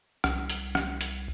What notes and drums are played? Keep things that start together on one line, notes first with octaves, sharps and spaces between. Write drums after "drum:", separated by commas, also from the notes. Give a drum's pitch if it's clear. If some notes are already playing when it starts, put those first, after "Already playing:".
C2, drum: rim click
drum: hi-hat
drum: rim click
drum: hi-hat